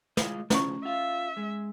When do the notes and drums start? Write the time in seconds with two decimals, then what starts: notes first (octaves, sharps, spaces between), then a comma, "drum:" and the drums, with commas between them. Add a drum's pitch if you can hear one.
0.17 G#3 F4 D#5, drum: snare
0.50 B1 C#3 F3 C#4 C#6, drum: snare
0.85 F4 E5 F5
1.37 G#3